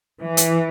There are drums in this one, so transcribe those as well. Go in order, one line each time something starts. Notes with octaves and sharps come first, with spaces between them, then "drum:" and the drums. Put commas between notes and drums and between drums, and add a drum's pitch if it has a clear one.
E3
drum: hi-hat